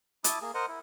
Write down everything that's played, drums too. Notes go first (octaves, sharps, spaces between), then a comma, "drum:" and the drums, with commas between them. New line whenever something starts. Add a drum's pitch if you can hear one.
E4 A5 D6 D#6, drum: hi-hat
A#3 G#4
A#4 C5 D#5 F#5
E4